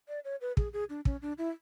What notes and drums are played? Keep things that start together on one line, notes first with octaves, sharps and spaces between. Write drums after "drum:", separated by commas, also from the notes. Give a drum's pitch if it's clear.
D5
C#5
B4
G#4, drum: kick
G#4
D4
C#4, drum: kick
D4
E4